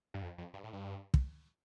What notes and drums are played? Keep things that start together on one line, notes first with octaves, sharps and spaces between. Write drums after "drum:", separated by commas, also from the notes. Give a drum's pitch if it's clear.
G2
F2
F2
G2
A2
G2
drum: kick